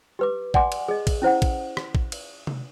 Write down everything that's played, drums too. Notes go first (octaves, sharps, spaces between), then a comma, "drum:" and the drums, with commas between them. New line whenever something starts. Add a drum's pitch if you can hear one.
G4 B4 D6
D5 F#5 G#5 C6 D6, drum: kick A1
drum: cymbal
G#4 D#5
drum: kick A1, cymbal
C#4 E4 C5 F#5
drum: kick A1, cymbal
drum: rim click
drum: kick A1
drum: cymbal
drum: tom C3